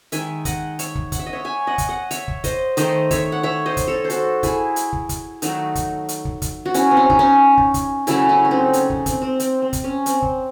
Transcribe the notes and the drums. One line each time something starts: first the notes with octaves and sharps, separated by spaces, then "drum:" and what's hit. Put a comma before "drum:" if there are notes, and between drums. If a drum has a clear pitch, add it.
D#3 G#3 E5 G#5, drum: hi-hat
D#5 F#5, drum: kick, hi-hat
C#5 E5, drum: hi-hat
drum: kick
F#5, drum: kick, hi-hat
E5
D#5
C#5 E5
E5 G#5
D#5 F#5
drum: kick, hi-hat
D#5 F#5
C#5 E5, drum: hi-hat
drum: kick
C5 D#5, drum: kick, hi-hat
D#3 A3 C5 D#5, drum: hi-hat
C#5 E5, drum: kick, hi-hat
F#5
C#5 E5
C5 D#5
drum: kick, hi-hat
A4 C#5
C5
F#4 A4, drum: hi-hat
E4 G#4, drum: kick, hi-hat
drum: hi-hat
drum: kick
drum: kick, hi-hat
D#3 F#3 A3 D#4 F#4, drum: hi-hat
drum: kick, hi-hat
drum: hi-hat
drum: kick
drum: kick, hi-hat
F#4
C#4 E4, drum: hi-hat
C4
C#4
D#4, drum: kick
C#4
drum: kick
drum: kick, hi-hat
C#3 F#3 A3 C#4 E4, drum: hi-hat
C#4 E4
C#4
C4 D#4
C#4, drum: hi-hat
drum: kick
C4, drum: kick, hi-hat
C4
C4, drum: hi-hat
C4
drum: kick, hi-hat
C#4
C4, drum: hi-hat
drum: kick